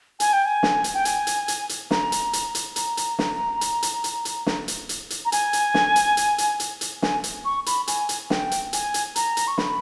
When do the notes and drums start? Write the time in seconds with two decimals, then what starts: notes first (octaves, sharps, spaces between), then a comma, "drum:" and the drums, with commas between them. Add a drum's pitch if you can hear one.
0.20 G#5, drum: hi-hat
0.33 G5
0.45 G#5
0.63 drum: snare
0.84 drum: hi-hat
0.94 G5
1.05 G#5, drum: hi-hat
1.27 drum: hi-hat
1.48 drum: hi-hat
1.69 drum: hi-hat
1.91 A#5, drum: snare
2.12 drum: hi-hat
2.33 drum: hi-hat
2.55 drum: hi-hat
2.76 A#5, drum: hi-hat
2.97 drum: hi-hat
3.19 drum: snare
3.61 drum: hi-hat
3.83 drum: hi-hat
4.04 drum: hi-hat
4.25 drum: hi-hat
4.46 drum: snare
4.68 drum: hi-hat
4.89 drum: hi-hat
5.10 drum: hi-hat
5.25 A#5
5.32 G#5, drum: hi-hat
5.53 drum: hi-hat
5.74 drum: snare
5.96 drum: hi-hat
6.17 drum: hi-hat
6.38 drum: hi-hat
6.60 drum: hi-hat
6.81 drum: hi-hat
7.02 G#5, drum: snare
7.24 drum: hi-hat
7.45 C#6
7.66 B5, drum: hi-hat
7.88 G#5, drum: hi-hat
8.09 drum: hi-hat
8.30 G5, drum: snare
8.51 drum: hi-hat
8.73 G#5, drum: hi-hat
8.94 drum: hi-hat
9.16 A#5, drum: hi-hat
9.37 drum: hi-hat
9.47 C#6
9.58 B5, drum: snare